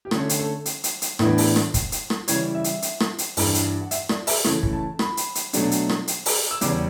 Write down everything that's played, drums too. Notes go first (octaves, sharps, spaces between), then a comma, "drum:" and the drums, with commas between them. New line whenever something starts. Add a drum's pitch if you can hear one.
G4
D3 A3 C#4 A4, drum: rim click
drum: hi-hat
A4
drum: hi-hat
drum: hi-hat
drum: hi-hat
A2 E3 B3 D4, drum: rim click
drum: open hi-hat
drum: rim click
drum: kick, hi-hat
drum: hi-hat
drum: rim click
C#3 E3 G3 C#5, drum: hi-hat
E5
drum: hi-hat
drum: hi-hat
drum: rim click
drum: hi-hat
G2 E3 G3 D4, drum: open hi-hat
drum: hi-hat
F#5
E5, drum: hi-hat
D5, drum: rim click
E5, drum: open hi-hat
C#3 E3 A3 C#4, drum: rim click
drum: kick
A5
B5, drum: rim click
drum: hi-hat
drum: hi-hat
B2 F#3 A3 D4, drum: hi-hat
drum: hi-hat
drum: rim click
drum: hi-hat
drum: open hi-hat
E6
E2 C#3 G3 C#4 D6, drum: hi-hat